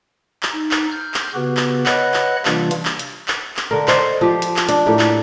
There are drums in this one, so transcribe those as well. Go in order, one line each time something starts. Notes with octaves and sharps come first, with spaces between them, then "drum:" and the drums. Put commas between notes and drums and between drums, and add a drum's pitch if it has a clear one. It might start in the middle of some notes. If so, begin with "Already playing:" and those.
drum: clap
D#4
drum: clap
F6 G6
drum: clap
C#3 B3 F#4 G4 B4
drum: clap
B4 C#5 D#5 F#5 B5 F#6, drum: clap
drum: clap
C3 E3 G3 A#3 D4 F4, drum: clap
drum: hi-hat
drum: clap
drum: hi-hat
drum: clap
drum: clap
D3 A#4
C5 D5 D#5, drum: clap
F3 G4
drum: hi-hat
drum: clap
D4, drum: hi-hat
A2 A#3 G4
drum: clap